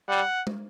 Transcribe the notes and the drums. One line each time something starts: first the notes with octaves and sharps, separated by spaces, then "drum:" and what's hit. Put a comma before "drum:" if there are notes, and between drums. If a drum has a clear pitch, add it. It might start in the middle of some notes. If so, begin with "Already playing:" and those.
G3 F#5
drum: tom